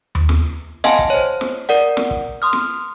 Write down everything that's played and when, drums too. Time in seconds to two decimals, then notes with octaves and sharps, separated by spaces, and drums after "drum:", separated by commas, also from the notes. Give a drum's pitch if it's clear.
0.15 drum: tom D#2
0.29 drum: snare
0.84 D#5 F5 F#5 G#5 A5 C6, drum: snare
0.99 drum: kick
1.10 C5 C#5
1.41 drum: snare
1.69 A#4 D5 F#5
1.97 drum: snare
2.11 drum: kick
2.42 C6 D#6 F6
2.53 drum: snare